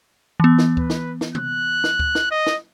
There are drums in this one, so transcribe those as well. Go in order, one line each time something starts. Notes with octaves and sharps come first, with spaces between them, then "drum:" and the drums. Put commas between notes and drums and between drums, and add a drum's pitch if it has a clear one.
E3 B3
drum: snare
B4, drum: kick D2
drum: snare
drum: snare
F#6, drum: tom C3
drum: snare
drum: kick D2
drum: snare
D#5
drum: snare